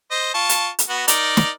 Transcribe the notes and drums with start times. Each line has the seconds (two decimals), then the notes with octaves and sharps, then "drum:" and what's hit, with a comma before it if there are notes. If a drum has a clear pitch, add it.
0.11 C5 D#5
0.35 F4 A5 C#6
0.49 drum: hi-hat
0.79 drum: hi-hat
0.90 B3 F#4
1.08 D#4 A#4 D5, drum: hi-hat
1.37 drum: snare